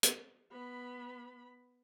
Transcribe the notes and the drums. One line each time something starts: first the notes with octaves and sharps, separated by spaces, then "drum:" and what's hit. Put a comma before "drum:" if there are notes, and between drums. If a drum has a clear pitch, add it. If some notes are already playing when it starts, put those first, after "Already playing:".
drum: hi-hat
B3 B5